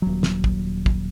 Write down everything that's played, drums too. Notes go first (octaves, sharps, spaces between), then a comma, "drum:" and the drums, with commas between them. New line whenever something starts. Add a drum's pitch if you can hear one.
D#1 F#3
drum: snare
drum: kick
drum: kick